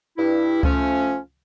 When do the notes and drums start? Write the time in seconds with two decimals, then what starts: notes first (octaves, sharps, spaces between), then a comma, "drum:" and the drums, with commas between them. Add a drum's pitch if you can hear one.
0.18 G2 E4
0.63 F3 A3 C#4, drum: kick C#2